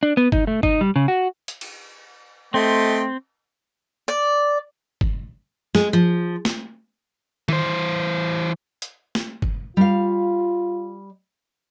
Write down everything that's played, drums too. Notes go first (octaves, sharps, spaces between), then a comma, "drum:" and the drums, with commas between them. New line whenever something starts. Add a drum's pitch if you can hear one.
D4
B3
D#4, drum: kick
A3
D#4, drum: kick
G3
C#3
F#4
drum: hi-hat
drum: cymbal
A3 C4 D#5 G5 C6
D5
drum: kick
G#3, drum: snare
F3
drum: snare
E3 C5, drum: tom D#3
drum: hi-hat
drum: snare
drum: kick
G3 F4 F5